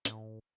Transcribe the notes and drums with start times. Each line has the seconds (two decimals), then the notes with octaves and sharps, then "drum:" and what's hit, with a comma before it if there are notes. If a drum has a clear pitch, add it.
0.05 A2, drum: hi-hat